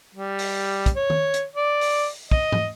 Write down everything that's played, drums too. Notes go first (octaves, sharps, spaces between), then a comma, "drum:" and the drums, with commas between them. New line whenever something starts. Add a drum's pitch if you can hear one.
G3
drum: open hi-hat
drum: kick, hi-hat
C#5
drum: tom D#3
drum: hi-hat
D5
drum: open hi-hat
D#5, drum: kick
drum: tom G#2